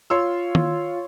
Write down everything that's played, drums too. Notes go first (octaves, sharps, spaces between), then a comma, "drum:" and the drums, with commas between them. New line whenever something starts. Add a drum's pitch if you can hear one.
F4 C#5 C6 E6
drum: tom D#3